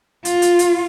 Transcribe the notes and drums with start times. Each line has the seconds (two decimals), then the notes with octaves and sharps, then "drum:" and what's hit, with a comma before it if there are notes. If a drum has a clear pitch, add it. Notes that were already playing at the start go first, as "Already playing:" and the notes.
0.25 F4, drum: hi-hat
0.42 drum: hi-hat
0.59 drum: hi-hat